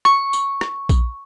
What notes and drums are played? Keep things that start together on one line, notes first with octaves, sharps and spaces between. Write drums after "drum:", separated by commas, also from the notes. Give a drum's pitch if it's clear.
C#6, drum: rim click
drum: tambourine
drum: rim click
drum: kick A#1, tambourine